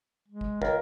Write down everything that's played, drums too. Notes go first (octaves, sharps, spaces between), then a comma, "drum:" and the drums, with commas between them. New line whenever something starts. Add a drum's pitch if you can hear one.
G#3
drum: kick
C#2 A#4, drum: kick